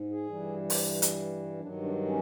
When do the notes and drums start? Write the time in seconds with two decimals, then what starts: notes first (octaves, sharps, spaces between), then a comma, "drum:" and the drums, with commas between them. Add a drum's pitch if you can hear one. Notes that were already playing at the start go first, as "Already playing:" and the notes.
Already playing: G#2
0.10 G#4
0.26 G2 E3 G3
0.70 drum: open hi-hat
1.02 drum: hi-hat
1.60 G2 D#3 F#3 D4
1.83 D4
2.06 C#4